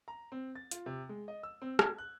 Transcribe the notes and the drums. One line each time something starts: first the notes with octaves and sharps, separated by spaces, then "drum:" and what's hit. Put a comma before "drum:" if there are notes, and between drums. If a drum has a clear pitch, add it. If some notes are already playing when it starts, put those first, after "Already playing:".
A#5
C4
A6
F4, drum: hi-hat
C3
G#3
D#5
E6
C4
G#6, drum: rim click
F#6